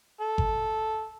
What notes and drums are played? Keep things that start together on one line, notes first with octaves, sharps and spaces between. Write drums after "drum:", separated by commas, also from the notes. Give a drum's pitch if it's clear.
A4
drum: kick G1